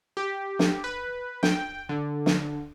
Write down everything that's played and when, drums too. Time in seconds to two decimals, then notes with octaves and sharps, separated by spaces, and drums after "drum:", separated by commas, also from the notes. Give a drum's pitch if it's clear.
0.17 G4
0.59 drum: snare
0.84 B4
1.43 G5, drum: snare
1.89 D3
2.26 drum: snare